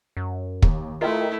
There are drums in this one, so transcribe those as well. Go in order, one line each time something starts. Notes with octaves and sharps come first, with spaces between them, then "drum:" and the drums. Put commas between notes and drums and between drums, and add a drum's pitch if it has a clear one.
F#2
D#2, drum: kick
A3 E4 F4 A#4 D#5 G5